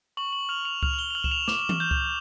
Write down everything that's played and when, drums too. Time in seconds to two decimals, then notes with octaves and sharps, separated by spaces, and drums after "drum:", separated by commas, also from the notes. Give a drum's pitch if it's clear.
0.17 C#6 F#7
0.33 F#7
0.49 F6 F7
0.65 F7
0.83 F6 F7, drum: kick C#2
0.94 F#7
0.99 G7
1.11 F7
1.15 F6 F#7
1.24 E7, drum: kick C#2
1.31 F7
1.48 D6 E7, drum: snare
1.69 drum: tom E3
1.80 G6
1.91 drum: kick C#2